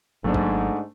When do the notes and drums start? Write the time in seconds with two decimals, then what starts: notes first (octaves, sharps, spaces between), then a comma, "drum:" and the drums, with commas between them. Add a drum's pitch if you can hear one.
0.24 G#1 G#2 F#3 A3 A#3 D4
0.34 drum: kick G#1